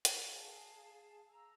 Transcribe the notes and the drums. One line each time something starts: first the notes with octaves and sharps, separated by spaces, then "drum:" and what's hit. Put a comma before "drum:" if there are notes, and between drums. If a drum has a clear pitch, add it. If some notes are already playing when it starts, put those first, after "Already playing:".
A#4 F#5 A5, drum: hi-hat
G#4 F5 A5
A#5 E6